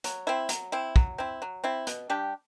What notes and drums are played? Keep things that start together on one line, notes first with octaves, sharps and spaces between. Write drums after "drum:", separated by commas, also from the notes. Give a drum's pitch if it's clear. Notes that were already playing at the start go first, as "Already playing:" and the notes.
F#3, drum: hi-hat
C4 E4
F#3, drum: hi-hat
C4 E4
F#3, drum: kick
C4 E4
F#3
C4 E4
B2, drum: hi-hat
G3 D4 G4